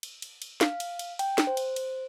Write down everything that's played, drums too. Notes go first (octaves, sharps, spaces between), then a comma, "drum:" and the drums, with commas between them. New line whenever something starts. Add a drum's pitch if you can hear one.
drum: cymbal
drum: cymbal
drum: cymbal
F5, drum: snare
drum: cymbal
drum: cymbal
G5, drum: cymbal
drum: snare
C5
drum: cymbal
drum: cymbal